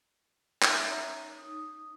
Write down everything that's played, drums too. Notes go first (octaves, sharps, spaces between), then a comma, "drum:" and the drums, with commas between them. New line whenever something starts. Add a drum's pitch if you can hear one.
C#4 D#4 C#5 E5 A#5, drum: clap
D#4 D#6